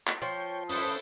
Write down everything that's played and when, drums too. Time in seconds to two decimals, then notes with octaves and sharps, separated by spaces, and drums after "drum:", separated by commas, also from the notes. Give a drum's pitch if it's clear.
0.07 drum: clap
0.22 F3 C#5 G5
0.69 C#4 E4 A4 B4 C5 A5 D#6, drum: open hi-hat